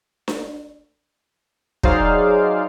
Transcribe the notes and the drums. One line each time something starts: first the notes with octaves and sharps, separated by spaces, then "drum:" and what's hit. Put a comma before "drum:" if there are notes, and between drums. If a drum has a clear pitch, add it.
drum: snare D4
F#3 D#4 G#4 C5 D5 F5, drum: kick